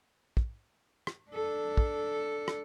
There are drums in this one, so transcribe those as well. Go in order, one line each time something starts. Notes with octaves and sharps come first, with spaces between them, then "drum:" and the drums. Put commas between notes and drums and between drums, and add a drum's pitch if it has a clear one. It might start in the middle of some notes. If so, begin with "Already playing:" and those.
drum: kick
drum: rim click
D4 A4
drum: kick
drum: rim click